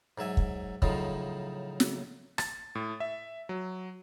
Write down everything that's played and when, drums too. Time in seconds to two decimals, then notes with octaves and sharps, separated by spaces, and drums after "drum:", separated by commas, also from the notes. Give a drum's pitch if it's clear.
0.18 G#2 F#3 E5 G#5
0.37 drum: kick
0.82 A2 C#3 F3 F#3 D#4, drum: kick
1.80 drum: snare
2.38 A6, drum: rim click
2.75 A2
3.00 E5
3.49 F#3